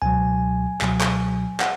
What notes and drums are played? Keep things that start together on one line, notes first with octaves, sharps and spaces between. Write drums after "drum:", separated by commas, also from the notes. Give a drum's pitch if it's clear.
C#2 B2 F#3 G#5
C#2 B2 F#3, drum: clap
drum: clap
F#5, drum: clap